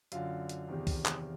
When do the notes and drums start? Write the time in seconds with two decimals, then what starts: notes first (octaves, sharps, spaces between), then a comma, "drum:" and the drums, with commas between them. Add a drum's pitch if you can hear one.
0.12 F#2 D3 F4 F5, drum: hi-hat
0.49 drum: hi-hat
0.69 E2 C3 D#3
0.87 drum: kick C2, open hi-hat
1.06 drum: clap